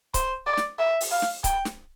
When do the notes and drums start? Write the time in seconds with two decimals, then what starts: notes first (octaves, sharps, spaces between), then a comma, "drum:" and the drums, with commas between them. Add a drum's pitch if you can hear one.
0.14 C5, drum: kick C#1, hi-hat
0.47 D5
0.57 drum: snare
0.79 E5
1.01 drum: open hi-hat
1.11 F5
1.22 drum: snare
1.44 G5, drum: kick C#1, hi-hat
1.65 drum: snare